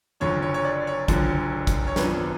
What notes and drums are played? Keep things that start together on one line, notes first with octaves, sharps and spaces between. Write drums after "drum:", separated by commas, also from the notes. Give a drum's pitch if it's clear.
F#1 F#2 D3 F3 C#5
C#5
C#5
D5
C#5
F#1 F#2 D3 F3, drum: kick, hi-hat
drum: kick, hi-hat
C#5
G#1 F#2 F3 B3 D4 B4, drum: snare